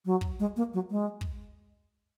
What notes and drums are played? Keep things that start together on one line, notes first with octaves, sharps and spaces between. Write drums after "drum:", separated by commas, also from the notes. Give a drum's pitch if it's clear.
F#3
drum: kick
G#3
A#3
F#3
G#3
drum: kick